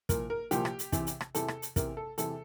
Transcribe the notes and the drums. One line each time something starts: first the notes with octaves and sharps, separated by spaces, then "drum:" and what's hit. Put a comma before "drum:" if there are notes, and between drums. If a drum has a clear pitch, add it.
C2 A#2 F3 A#4, drum: kick, hi-hat
A#4
C2 A#2 F3 G4, drum: hi-hat
drum: rim click
drum: hi-hat
E2 C3 E3, drum: kick, hi-hat
drum: hi-hat
drum: rim click
E2 C3 E3 A4, drum: hi-hat
drum: rim click
drum: hi-hat
E2 C3 E3 A#4, drum: kick, hi-hat
A4
E2 C3 E3 A4, drum: hi-hat